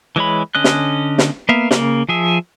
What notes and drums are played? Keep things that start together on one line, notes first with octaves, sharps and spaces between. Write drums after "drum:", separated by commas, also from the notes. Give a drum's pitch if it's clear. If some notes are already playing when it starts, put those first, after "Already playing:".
E3 G#3 C#5 B5
D3 C#4 D#5 F#6
drum: snare
drum: snare
A#3 B3 E5 F5
C#3 A#3, drum: snare
F3 G#4 E5